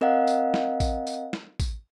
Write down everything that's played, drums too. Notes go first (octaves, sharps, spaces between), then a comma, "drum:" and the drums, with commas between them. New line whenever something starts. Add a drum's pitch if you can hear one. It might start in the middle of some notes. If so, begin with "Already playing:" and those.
C4 A#4 D#5 F5 F#5
drum: tambourine
drum: snare
drum: kick A1, tambourine
drum: tambourine
drum: snare
drum: kick A1, tambourine